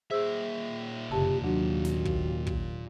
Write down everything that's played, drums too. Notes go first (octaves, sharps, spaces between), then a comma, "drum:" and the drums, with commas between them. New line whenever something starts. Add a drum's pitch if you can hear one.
A#2 G#4 C5 E5 E6
F#1 C3 G4 A5
D#2 F#3 D4 F#4
drum: snare
drum: kick
drum: kick